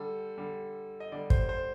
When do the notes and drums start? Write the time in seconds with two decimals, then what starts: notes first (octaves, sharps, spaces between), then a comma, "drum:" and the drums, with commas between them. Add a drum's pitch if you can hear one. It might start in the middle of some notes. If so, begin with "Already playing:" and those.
Already playing: D3 G3 A4
0.38 D3 G3
1.00 D#5
1.12 D3 G3 D5
1.30 C5, drum: kick
1.49 C5